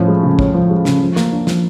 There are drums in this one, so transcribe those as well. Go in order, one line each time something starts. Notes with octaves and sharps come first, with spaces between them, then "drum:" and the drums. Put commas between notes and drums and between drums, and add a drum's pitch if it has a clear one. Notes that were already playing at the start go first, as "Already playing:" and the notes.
Already playing: A2 F3 C#4
G#3
C#3
C#4, drum: kick
F3
G#3
C#3, drum: snare
F3
A#3, drum: snare
D4
F3, drum: snare